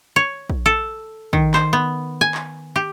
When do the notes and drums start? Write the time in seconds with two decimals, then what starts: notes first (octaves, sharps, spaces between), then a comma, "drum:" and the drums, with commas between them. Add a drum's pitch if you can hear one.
0.16 C#5
0.50 drum: kick
0.66 A4
1.33 D#3, drum: kick
1.54 C5, drum: clap
1.73 B3
2.21 G#5
2.34 drum: clap
2.76 G4